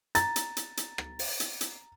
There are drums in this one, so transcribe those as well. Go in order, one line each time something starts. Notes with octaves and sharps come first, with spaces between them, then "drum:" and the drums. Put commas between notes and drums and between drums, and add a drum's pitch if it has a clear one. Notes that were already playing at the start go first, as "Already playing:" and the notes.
A#5 A6, drum: hi-hat
drum: hi-hat
drum: hi-hat
drum: hi-hat
drum: rim click
drum: open hi-hat
drum: hi-hat
drum: hi-hat